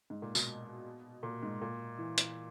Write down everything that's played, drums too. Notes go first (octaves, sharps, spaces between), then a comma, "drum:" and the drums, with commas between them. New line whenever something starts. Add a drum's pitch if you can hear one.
G#2
A#2
B2, drum: tambourine
A#2
G#2
A#2
E3
drum: hi-hat